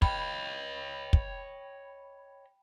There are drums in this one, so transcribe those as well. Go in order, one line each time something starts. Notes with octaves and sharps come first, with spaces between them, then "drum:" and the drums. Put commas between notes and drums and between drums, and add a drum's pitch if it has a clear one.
C#5 D#5 G5 B5, drum: kick
drum: kick